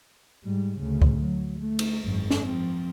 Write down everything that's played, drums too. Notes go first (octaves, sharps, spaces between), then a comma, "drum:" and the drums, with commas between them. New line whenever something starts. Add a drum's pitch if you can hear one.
G#2 G3
D2 C#3
drum: kick
F#3
A3
drum: cymbal
G#1 F#2
drum: snare
F3 C4